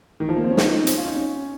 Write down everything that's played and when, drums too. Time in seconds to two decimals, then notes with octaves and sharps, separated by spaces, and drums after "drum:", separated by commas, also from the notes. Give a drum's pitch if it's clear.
0.20 D#3
0.29 F3
0.36 A#3
0.44 C4
0.51 C#4
0.57 D#4, drum: snare
0.83 C4
0.87 C#4, drum: hi-hat
0.98 F4
1.07 D#4
1.16 C#4